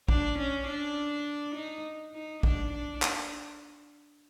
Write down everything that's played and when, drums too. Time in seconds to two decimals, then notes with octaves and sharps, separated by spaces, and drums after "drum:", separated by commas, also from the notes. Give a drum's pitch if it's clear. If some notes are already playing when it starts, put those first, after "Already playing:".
0.08 D4, drum: kick
0.38 C#4
0.67 D4
1.55 D#4
2.14 D#4
2.43 D4, drum: kick
2.73 D4
3.02 drum: clap